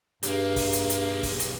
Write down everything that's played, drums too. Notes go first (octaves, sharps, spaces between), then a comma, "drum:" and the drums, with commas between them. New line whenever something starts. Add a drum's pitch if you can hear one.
B1 G2 A#3 G4 G#4, drum: hi-hat
drum: kick, open hi-hat
drum: hi-hat
drum: hi-hat
drum: kick, open hi-hat
drum: hi-hat